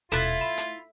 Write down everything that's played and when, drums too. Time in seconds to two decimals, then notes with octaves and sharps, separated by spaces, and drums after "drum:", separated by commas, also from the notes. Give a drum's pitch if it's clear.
0.12 D#1 B2 E4 F4 A4 F#6 A6, drum: hi-hat
0.41 A3 B5
0.57 drum: hi-hat